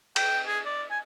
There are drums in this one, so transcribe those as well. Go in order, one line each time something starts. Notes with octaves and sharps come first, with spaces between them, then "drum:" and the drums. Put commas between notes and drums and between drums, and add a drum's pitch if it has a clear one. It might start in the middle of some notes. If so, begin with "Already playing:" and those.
G5, drum: cymbal
G#4
D5
G#5